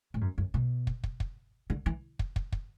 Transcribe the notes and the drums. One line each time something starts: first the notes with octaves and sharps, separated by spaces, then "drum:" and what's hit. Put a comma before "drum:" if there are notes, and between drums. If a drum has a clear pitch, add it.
A2
F#2
F#2
B2
drum: kick
drum: kick
drum: kick
D3
E3
drum: kick
drum: kick
drum: kick